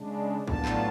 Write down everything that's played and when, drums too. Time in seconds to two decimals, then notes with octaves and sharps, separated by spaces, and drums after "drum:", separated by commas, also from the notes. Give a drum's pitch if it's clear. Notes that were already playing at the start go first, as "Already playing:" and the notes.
Already playing: C#3 G#3 D4
0.47 A2 F#3 B3 D4 F4 A5, drum: kick
0.65 drum: clap